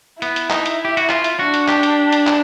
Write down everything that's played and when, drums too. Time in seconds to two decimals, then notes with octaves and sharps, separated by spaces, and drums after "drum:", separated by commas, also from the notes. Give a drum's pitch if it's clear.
0.22 B3 E4, drum: hi-hat
0.36 drum: hi-hat
0.50 D#4, drum: clap
0.66 drum: hi-hat
0.85 G4
0.97 F#4, drum: hi-hat
1.10 F4, drum: clap
1.24 drum: hi-hat
1.39 D4 F#4
1.54 drum: hi-hat
1.68 G4, drum: clap
1.83 drum: hi-hat
2.12 drum: hi-hat
2.27 drum: clap